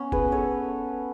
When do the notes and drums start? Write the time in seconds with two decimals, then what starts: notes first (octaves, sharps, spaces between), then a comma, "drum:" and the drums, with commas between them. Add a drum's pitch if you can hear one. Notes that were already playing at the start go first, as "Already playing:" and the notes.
Already playing: B3 C#4
0.12 G#4 B4, drum: kick
0.32 A4 C#5